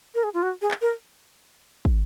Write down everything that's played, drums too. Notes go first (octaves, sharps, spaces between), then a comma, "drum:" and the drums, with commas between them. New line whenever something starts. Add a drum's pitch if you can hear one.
A#4
G#4
F4
F#4
G#4
drum: clap
A#4
drum: kick